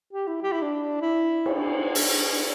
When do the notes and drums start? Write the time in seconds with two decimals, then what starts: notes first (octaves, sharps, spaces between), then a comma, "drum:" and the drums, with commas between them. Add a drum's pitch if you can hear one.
0.13 G4
0.28 E4
0.42 G4
0.52 E4
0.62 D4
1.01 E4
1.46 drum: cymbal
1.95 drum: open hi-hat